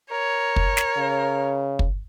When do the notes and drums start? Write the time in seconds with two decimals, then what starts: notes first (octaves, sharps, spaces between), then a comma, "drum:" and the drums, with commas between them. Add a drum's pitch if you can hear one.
0.11 A#4 C#5
0.56 drum: kick
0.77 drum: snare
0.97 C#3
1.79 drum: kick